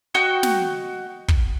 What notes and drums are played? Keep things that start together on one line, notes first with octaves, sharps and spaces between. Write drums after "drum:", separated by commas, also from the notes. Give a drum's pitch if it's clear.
F#4 D#5 G5 C#6
drum: snare
drum: kick